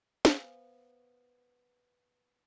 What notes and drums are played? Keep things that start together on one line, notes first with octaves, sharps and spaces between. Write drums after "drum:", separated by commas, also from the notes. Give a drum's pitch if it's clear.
B3 C5 F5 G#5, drum: snare